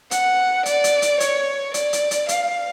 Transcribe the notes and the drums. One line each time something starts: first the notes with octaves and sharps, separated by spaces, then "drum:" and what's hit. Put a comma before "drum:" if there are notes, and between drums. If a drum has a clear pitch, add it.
F#5, drum: hi-hat
D5, drum: hi-hat
drum: hi-hat
drum: hi-hat
C#5, drum: hi-hat
D5, drum: hi-hat
drum: hi-hat
drum: hi-hat
F5, drum: hi-hat